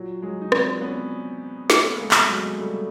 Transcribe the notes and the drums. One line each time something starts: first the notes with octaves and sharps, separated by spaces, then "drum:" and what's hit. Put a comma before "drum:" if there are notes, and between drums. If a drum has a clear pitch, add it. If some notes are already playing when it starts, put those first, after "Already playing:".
Already playing: A#2 F#3
F#3 G#3
D#4
C4 D4, drum: rim click
B3 C#4
A3 B3, drum: snare
G#3 A#3
drum: clap
F#3 G#3
G3 A3